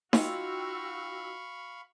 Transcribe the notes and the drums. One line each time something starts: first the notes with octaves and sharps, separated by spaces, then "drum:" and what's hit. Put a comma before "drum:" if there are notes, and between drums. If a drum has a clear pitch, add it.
D#4 F4 F#4 F5 G5 B5 C#6 E6, drum: snare D#4